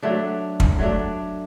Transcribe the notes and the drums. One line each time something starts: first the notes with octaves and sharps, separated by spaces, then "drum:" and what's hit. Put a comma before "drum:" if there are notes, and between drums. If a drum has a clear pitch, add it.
F#3 A3 D4
drum: kick
F#3 A3 D4